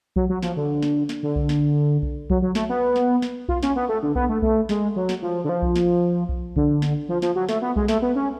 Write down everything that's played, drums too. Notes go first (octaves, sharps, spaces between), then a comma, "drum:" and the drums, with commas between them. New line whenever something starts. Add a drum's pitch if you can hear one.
F#3, drum: kick B1
F#3
F3, drum: snare
D3
drum: snare
drum: snare
D3
drum: kick B1
drum: snare
drum: kick B1
F#3, drum: kick B1
F#3
A3, drum: snare
B3
drum: snare
drum: snare
F4, drum: kick B1
C#4, drum: snare
B3
A3
D3
B3, drum: kick B1
A3
A3, drum: kick B1
G#3, drum: snare
F#3
drum: snare
F3
D3
F3
drum: kick B1
drum: snare
drum: kick B1
D3, drum: kick B1
drum: snare
F3
F3, drum: snare
F#3
A3, drum: snare
B3
G#3, drum: kick B1
A3, drum: snare
B3
C#4